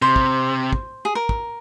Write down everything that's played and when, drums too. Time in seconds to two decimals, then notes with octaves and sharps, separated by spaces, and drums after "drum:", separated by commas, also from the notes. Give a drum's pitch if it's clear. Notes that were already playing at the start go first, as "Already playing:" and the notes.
0.02 C3 C5
0.16 drum: kick
0.73 drum: kick
1.05 G#4
1.15 A#4
1.29 drum: kick